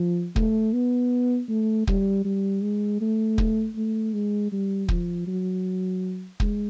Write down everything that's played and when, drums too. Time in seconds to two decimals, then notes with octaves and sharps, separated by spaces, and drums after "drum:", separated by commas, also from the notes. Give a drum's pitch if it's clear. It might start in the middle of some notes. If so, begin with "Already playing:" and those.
Already playing: F3
0.36 A3, drum: kick
0.73 B3
1.49 A3
1.87 G3, drum: kick
2.25 G3
2.62 G#3
3.01 A3
3.38 drum: kick
3.76 A3
4.13 G#3
4.52 G3
4.88 F3, drum: kick
5.27 F#3
6.40 G#3, drum: kick